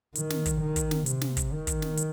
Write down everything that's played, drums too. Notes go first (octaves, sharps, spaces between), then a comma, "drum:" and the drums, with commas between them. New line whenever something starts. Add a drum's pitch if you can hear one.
D#3, drum: hi-hat
drum: snare
drum: kick, hi-hat
D#3
drum: kick, hi-hat
drum: snare
C3, drum: hi-hat
drum: snare
drum: kick, hi-hat
D#3
drum: kick, hi-hat
drum: snare
drum: hi-hat